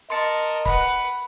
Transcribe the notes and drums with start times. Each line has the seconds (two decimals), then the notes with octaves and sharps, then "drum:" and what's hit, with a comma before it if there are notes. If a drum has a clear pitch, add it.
0.10 A#4 D#5 A5 C6 C#7
0.65 B4 F#5 B5, drum: kick C#1